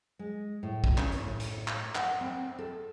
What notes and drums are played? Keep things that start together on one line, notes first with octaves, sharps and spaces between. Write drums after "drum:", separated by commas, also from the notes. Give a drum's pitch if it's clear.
G#3
A2
drum: kick
C#4, drum: clap
drum: hi-hat
A2
drum: hi-hat
drum: clap
F#5, drum: clap
C4
A4